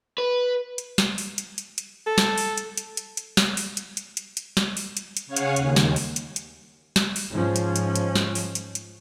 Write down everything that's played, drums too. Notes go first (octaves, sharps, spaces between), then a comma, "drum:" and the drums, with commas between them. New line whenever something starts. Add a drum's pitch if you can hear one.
B4
drum: hi-hat
drum: snare
drum: open hi-hat
drum: hi-hat
drum: hi-hat
drum: hi-hat
A4
drum: snare
drum: open hi-hat
drum: hi-hat
drum: hi-hat
drum: hi-hat
drum: hi-hat
drum: snare
drum: open hi-hat
drum: hi-hat
drum: hi-hat
drum: hi-hat
drum: hi-hat
drum: snare
drum: open hi-hat
drum: hi-hat
drum: hi-hat
C#3 C#5 F5 F#5 G#5
drum: hi-hat
D#2, drum: hi-hat
drum: snare
drum: open hi-hat
drum: hi-hat
drum: hi-hat
drum: snare
drum: open hi-hat
G#2 F3 C#4
drum: hi-hat
drum: hi-hat
drum: hi-hat
drum: snare
drum: open hi-hat
drum: hi-hat
drum: hi-hat